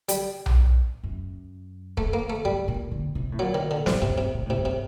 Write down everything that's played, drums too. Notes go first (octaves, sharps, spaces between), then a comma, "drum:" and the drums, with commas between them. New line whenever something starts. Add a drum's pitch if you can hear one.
G3, drum: hi-hat
drum: tom B1
F#2
A3, drum: kick
A#3
A3
G2 G3
A#2
D3
C3
A2
A#2 F#3
D#3
D3
A2 C3, drum: snare
G2 C3
A2 C3
A#2
A2
C3
G2
C3